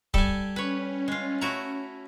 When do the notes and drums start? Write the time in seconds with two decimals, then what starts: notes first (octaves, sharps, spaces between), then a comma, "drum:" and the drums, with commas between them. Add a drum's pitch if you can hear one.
0.14 G3 A4 G#5, drum: kick
0.56 C#4 B4 C#5
1.08 G#3 F4
1.42 A3 E4 F#4 A#5